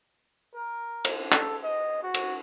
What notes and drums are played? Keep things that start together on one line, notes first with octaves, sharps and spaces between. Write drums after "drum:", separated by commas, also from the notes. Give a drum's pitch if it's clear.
A#4
drum: cymbal
A4, drum: clap
D#5
F#4
drum: cymbal